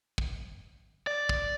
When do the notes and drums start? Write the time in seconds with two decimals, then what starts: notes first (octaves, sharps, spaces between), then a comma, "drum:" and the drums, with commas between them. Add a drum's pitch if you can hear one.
0.18 drum: kick
1.07 D5
1.29 drum: kick